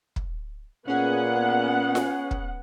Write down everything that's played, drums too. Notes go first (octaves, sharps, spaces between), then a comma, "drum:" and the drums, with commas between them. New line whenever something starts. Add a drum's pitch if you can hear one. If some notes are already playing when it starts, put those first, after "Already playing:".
drum: kick
A#2 B3 C#4 G#4 F#5
drum: snare F4
drum: kick